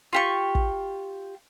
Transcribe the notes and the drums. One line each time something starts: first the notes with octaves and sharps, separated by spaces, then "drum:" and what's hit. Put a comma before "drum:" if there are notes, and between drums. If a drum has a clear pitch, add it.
F4 G4 C#6
drum: kick